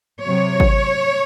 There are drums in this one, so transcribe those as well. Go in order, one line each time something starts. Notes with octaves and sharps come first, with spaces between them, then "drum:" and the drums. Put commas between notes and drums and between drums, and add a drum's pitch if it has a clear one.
C3 F#3 C#5
drum: kick G#1